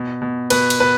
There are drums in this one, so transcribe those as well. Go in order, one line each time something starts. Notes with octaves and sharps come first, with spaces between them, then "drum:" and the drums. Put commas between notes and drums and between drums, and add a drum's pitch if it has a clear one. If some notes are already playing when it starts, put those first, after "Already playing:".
Already playing: B2
B2
B2 B4, drum: cymbal
drum: cymbal
B2 B4